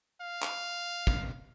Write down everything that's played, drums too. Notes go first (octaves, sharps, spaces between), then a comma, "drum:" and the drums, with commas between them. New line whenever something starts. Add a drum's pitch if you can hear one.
F5
drum: clap
drum: kick